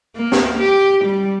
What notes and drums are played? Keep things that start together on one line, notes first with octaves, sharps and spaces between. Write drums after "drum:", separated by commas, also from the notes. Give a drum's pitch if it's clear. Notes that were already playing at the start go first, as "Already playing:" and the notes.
A#3
drum: snare
G4
G3